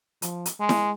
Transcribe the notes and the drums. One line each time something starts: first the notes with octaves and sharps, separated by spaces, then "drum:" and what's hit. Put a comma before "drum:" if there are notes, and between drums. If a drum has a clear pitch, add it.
F3, drum: hi-hat
drum: hi-hat
G#3
drum: snare E4